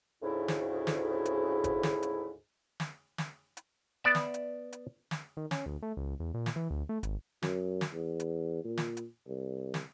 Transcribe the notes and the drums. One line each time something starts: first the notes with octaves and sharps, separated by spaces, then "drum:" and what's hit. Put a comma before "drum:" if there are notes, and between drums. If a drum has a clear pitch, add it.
D2 G#2 C#3 E4
drum: snare
drum: snare
drum: hi-hat
drum: kick F#1, hi-hat
drum: snare
drum: hi-hat
drum: snare
drum: snare
drum: hi-hat
B3 D5 E5
drum: snare
drum: hi-hat
drum: hi-hat
drum: snare
D#3
C#4, drum: snare
D2
A3
C#2
E2
A#2
drum: snare
E3
D2
A3
G#1, drum: hi-hat
F#2, drum: snare
drum: snare
E2
drum: hi-hat
A#2
drum: snare
drum: hi-hat
C2
drum: snare